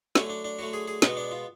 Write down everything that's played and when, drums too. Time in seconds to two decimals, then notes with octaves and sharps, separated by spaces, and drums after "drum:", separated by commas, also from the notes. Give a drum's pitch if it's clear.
0.15 D3 F#3 A3 C#4, drum: snare
0.30 D4
0.45 D4
0.59 D3 F#3 A3 F#4
0.73 G#4
0.88 G#4
1.02 B2 G#3 B3 F#4, drum: snare
1.17 D4
1.32 F4